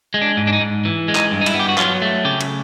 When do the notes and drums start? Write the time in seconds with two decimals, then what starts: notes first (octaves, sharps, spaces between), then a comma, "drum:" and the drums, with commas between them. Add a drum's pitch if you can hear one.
0.14 G#3
0.22 D4
0.37 G#2
0.47 D4
0.53 D#4
0.61 G#2
0.85 E3
1.08 G#3
1.15 D#4, drum: clap
1.31 G2
1.41 D#4
1.46 E4, drum: cymbal
1.54 B3
1.59 G4
1.69 F#4
1.78 F#3 F4, drum: clap
2.02 A3
2.25 C#3 G4
2.41 drum: cymbal